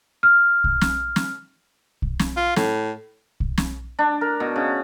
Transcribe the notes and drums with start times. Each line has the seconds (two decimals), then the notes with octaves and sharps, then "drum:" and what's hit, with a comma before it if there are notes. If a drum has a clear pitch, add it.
0.23 F6
0.64 drum: kick
0.81 drum: snare
1.16 drum: snare
2.02 drum: kick
2.19 drum: snare
2.37 F4
2.56 A2, drum: snare
3.40 drum: kick
3.58 drum: snare
3.99 D4
4.21 A#4
4.40 B2
4.56 C#3